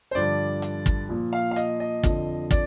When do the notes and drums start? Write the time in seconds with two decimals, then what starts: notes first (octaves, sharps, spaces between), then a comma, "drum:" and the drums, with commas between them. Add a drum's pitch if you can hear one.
0.11 C5
0.15 G2 D3 F3 D5
0.62 drum: hi-hat
0.86 drum: kick
1.09 A#2 F3
1.33 F5
1.51 F5
1.56 D#5, drum: hi-hat
1.80 D#5
2.03 F2 D3 F3, drum: kick, hi-hat
2.51 D5, drum: kick, hi-hat